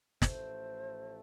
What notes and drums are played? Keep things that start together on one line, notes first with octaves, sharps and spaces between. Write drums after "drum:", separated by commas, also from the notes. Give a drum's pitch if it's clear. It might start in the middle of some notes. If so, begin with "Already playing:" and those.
A1 A2 F3 A3 C5, drum: snare